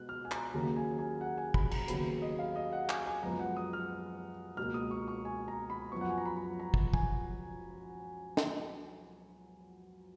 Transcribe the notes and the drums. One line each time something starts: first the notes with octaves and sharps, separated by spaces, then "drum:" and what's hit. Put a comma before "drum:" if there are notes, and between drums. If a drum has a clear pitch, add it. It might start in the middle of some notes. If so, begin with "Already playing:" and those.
Already playing: B2 G#3 B3 F#6
F6
G#5
A#5, drum: clap
D#2 C#3 F#3 A#3 A#5
G#5
G#5
F#5
G#5
B5, drum: kick
A#5, drum: cymbal
D#2 C#3 F#3 B3 B5, drum: hi-hat
D#5
F5
D#5
F#5
G#5, drum: clap
G#5
F#2 F3 G#3 B3 A#5
F#5
D#6
F6
C#2 B2 A#3 F6
D#6
C#6
C#6
G#5
A#5
B5
F#2 F3 B3 C#6
F#5
G#5
A#5
B5
A#5
drum: kick
G#5, drum: kick
drum: snare